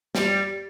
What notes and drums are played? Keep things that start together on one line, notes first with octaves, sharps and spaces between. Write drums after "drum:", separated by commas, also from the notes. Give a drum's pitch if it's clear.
G3, drum: snare